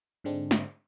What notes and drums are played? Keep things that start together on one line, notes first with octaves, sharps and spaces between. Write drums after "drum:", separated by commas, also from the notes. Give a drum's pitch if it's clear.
G#2 D3 G#3 C4 D4
drum: snare